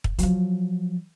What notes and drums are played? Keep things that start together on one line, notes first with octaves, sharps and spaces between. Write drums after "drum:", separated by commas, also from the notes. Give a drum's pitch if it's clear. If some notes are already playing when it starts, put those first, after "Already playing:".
drum: kick
F3 F#3, drum: hi-hat